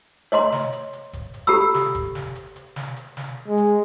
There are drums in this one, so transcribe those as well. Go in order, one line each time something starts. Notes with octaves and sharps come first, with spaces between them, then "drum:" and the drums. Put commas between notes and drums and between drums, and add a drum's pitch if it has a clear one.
C#5 D#5 A#5 C6, drum: hi-hat
drum: snare
drum: hi-hat
drum: hi-hat
drum: kick G1, hi-hat
drum: hi-hat
G4 A4 A#5 B5 E6
drum: snare
drum: kick G1, hi-hat
drum: snare
drum: hi-hat
drum: hi-hat
drum: snare
drum: hi-hat
drum: snare
G#3
drum: hi-hat